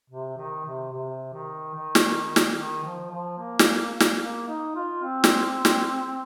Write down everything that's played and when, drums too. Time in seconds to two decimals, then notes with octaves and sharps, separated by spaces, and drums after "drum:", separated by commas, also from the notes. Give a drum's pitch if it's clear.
0.10 C3
0.38 D#3
0.65 C3
0.92 C3
1.33 D#3
1.74 D#3
1.95 drum: snare
2.36 drum: snare
2.57 D#3
2.84 F3
3.11 F3
3.39 A#3
3.59 drum: snare
4.00 drum: snare
4.21 A#3
4.48 D#4
4.76 F4
5.03 C4
5.24 drum: snare
5.65 drum: snare